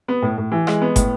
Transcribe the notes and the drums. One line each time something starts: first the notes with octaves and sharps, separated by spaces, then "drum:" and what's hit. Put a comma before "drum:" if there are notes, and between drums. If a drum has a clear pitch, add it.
B3
A2
A2
E3
G#3, drum: rim click
B3
A2, drum: kick, hi-hat